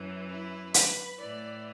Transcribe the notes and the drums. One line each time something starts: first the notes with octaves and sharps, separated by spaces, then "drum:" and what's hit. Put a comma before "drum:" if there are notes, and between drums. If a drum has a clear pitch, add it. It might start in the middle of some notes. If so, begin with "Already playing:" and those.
Already playing: F#2 E3
E4
B4, drum: hi-hat
A2 E3 D5